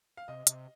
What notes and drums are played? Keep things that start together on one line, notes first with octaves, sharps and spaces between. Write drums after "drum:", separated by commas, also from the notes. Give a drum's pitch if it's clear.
F5
C3 D#5
C3, drum: hi-hat